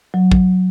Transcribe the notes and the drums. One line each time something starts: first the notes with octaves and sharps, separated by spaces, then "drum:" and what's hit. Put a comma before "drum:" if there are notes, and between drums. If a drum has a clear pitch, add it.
F#3
drum: kick